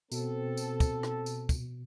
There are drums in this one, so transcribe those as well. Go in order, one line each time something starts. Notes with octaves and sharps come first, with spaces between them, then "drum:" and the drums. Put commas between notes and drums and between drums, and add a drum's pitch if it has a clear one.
B2 C4 A4, drum: tambourine
drum: tambourine
drum: kick, tambourine
drum: rim click
drum: tambourine
drum: kick, tambourine